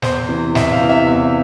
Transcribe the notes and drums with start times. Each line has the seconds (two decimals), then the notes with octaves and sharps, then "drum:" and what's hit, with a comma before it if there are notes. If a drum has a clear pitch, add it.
0.02 E2 C5, drum: snare
0.29 C3 E3
0.55 E2 E5, drum: snare
0.72 F5
0.81 C3 E3
0.89 E5
1.07 E2 E5